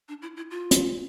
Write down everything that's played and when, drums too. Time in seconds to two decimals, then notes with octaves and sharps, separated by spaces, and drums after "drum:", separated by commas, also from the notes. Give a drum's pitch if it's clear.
0.08 D4
0.22 E4
0.37 E4
0.51 F4
0.71 drum: hi-hat